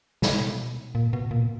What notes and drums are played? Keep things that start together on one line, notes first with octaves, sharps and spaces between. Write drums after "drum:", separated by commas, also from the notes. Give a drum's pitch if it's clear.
B2, drum: snare
A#2
B2
A#2